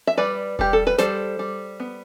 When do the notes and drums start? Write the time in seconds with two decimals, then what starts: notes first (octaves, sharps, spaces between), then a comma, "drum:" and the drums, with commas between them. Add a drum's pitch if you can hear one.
0.07 E5
0.18 G3 B4 D5
0.59 G3 G4, drum: kick E1
0.73 A4
0.87 B4
0.98 G3 A4 C5, drum: snare
1.39 G3
1.80 B3